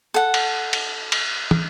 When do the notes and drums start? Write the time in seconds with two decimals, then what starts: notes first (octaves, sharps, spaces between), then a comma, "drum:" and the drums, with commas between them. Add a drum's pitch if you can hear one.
0.14 A4 F#5
0.34 drum: cymbal
0.73 drum: cymbal
1.12 drum: cymbal
1.51 drum: tom